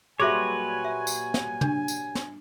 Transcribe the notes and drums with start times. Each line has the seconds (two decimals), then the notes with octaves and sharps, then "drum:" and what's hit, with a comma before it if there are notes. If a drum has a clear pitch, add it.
0.20 A#2 F#3 G3 G#4 B4 C#5 E5 G#5
0.85 E5
1.07 drum: tambourine
1.34 drum: snare
1.61 D4, drum: tom
1.88 drum: tambourine
2.15 drum: snare